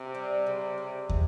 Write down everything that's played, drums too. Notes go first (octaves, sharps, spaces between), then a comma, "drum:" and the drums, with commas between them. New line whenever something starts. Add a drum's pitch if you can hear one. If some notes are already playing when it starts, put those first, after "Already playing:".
Already playing: C3
G3
C#3
G3
G#3, drum: kick